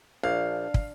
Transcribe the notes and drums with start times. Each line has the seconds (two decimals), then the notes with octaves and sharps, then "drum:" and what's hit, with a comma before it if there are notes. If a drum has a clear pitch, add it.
0.23 A#1 D4 F5
0.74 drum: kick